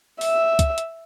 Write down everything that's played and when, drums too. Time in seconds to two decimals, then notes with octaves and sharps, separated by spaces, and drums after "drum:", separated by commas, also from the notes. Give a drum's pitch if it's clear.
0.21 E5, drum: open hi-hat
0.59 drum: kick, hi-hat
0.78 drum: hi-hat